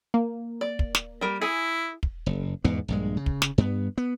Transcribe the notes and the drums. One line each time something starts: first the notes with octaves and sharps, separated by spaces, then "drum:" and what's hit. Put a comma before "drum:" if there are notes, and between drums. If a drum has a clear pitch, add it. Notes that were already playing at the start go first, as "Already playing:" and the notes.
A#3
D5
drum: kick
drum: snare
G3 A#4
E4 G#4 G#5
drum: kick
F#1
E2 G#2 B2 B3
A#1 G2 G#3
C#3
drum: kick
drum: snare
G2 B3
B3